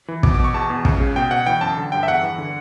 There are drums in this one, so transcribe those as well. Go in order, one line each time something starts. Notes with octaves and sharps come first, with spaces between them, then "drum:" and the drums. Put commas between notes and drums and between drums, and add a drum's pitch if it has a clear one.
E3
B2 D6, drum: kick
D6
B2 C#6
E2 A5
E2
C#2, drum: kick
C#3
B2 G5
B2 F#5
E3 G5
F#2 A5
D3
G2 G5
E5
E2 F#5
E3
D3